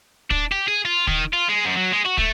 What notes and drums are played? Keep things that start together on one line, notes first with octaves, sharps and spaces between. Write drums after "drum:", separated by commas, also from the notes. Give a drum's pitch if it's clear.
D4, drum: kick
G4
G#4
F4
D#3, drum: kick
F4
G#3
F#2
F#3
G#3
F#4
A3, drum: kick